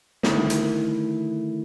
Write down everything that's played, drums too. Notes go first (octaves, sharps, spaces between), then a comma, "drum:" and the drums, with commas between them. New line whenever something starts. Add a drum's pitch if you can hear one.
D3 D#3 A3 E4, drum: snare
drum: hi-hat